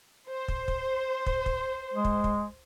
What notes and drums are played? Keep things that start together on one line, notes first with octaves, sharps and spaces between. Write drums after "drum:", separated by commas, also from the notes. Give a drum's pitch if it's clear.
C5
drum: kick
drum: kick
drum: kick
drum: kick
G#3
drum: kick
drum: kick